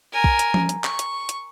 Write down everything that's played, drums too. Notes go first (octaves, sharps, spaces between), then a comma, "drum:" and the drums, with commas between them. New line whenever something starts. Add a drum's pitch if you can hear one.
A#4 G#5
drum: kick
drum: hi-hat
drum: tom F3
drum: hi-hat
C#6, drum: clap
drum: hi-hat
drum: hi-hat